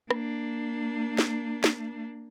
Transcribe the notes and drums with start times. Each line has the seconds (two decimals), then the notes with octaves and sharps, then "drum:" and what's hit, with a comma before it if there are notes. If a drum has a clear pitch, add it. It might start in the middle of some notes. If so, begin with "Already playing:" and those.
0.11 A#3 D4, drum: rim click
1.19 drum: snare
1.64 drum: snare